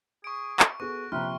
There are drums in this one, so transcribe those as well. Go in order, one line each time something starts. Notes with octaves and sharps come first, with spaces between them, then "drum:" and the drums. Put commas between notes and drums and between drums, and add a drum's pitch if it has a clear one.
G#4 C#6 D7
drum: clap
B3 F#4 G#4 A4 C#6
A#1 C3 B4 E5 G5 A#5 C6 F6